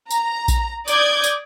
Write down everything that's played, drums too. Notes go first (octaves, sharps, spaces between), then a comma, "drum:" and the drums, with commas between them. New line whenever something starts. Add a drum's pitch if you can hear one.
A#5, drum: tambourine
drum: kick A#1, tambourine
D5 D6 D#6 G6 G#6, drum: tambourine
drum: tambourine